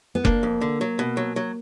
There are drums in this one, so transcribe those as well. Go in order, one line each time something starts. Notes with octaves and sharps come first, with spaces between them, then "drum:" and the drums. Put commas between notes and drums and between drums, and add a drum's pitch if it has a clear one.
B3
A#3 D4, drum: kick F1
F2
D3
F#3
B2
F#3
F#3